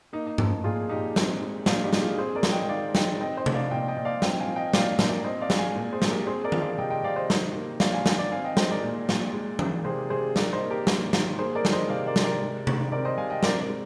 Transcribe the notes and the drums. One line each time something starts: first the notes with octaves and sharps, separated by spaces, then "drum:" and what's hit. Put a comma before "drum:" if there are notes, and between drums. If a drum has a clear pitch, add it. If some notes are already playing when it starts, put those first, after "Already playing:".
A#3 D#4
D#4
F3, drum: tom G2
D#4
A#2 F4 G#4
A#2 D#4 G4
C4, drum: snare
G#3
A#2 D4 F4, drum: snare
D#4 G4
A#2, drum: snare
F4 G#4
C4 G#4 C5
A#4 D5
G#3, drum: snare
D#5 G5
D#3 D5 F5
D#3 D#5 G5, drum: snare
C4 D#5 G5
C5 D#5
F3, drum: tom C3
D5 F5
A#2 D#5 G5
D#5 G5
A#2
D5 F5
C4 D#5 G5, drum: snare
F5 G#5
F3
D#5 G5
A#2 D5 F5, drum: snare
A#2, drum: snare
A#4 D5
C4 C5 D#5
D5 F5
G#3, drum: snare
F5 G#5
A#2
G#4 C5
A#2, drum: snare
G4 A#4
C4 G#4 C5
A#4 D5
F3, drum: tom D#3
D5 F5
C3 D#5 G5
D#5 G5
C3 D5 F5
C5 D#5
D#3, drum: snare
A#3
A#3 D5 F5, drum: snare
F5 G#5
D#3, drum: snare
D5 F5
C4 F5 G#5
D#5 G5
G#3 C5 D#5, drum: snare
A#4 D5
A#2
A#2, drum: snare
G#3
D#3, drum: tom E3
C3 G#4 C5
C3 G#4 C5
D#3 A#4 D5, drum: snare
C5 D#5
A#3
G4 A#4
A#3, drum: snare
D#3, drum: snare
A#3 G#4 C5
A#4 D5
D#3, drum: snare
C5 D#5
C3 D5 F5
A#4 D5
C3, drum: snare
A#4 D5
G#3
D#3, drum: tom C3
C4 A#4 D5
C5 D#5
C3 F5 G#5
D#5 G5
C4 A#4 D5, drum: snare
A#4 D5
G#3